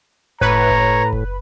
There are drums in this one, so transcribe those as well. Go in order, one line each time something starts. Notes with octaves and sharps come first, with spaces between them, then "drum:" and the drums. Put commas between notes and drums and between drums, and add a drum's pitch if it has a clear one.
A2 B4 C#5 A#5, drum: kick F#1
drum: kick F#1
drum: kick F#1